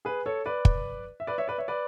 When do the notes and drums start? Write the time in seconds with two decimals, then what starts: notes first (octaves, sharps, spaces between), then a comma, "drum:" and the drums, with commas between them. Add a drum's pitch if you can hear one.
0.05 G#4 B4
0.26 A4 C#5
0.46 B4 D5
0.65 drum: kick
1.20 E5
1.27 B4 D5
1.38 C#5 E5
1.48 B4 D5
1.58 C#5 E5
1.68 B4 D5